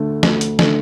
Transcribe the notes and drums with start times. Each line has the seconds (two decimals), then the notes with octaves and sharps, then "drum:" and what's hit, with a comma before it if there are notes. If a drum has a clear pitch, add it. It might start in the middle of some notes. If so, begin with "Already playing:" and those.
Already playing: D2 D3 A3
0.23 D2, drum: snare
0.41 drum: hi-hat
0.59 D3 A3, drum: snare